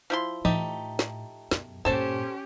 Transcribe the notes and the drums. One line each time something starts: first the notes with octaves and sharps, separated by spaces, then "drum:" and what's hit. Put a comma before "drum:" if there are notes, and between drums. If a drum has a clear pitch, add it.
F3 E4 C6
A2 A3 D#4 G4, drum: tom E3
drum: snare
F#2 B2, drum: snare
G2 A#2 C#4 G4 A4 C5 A5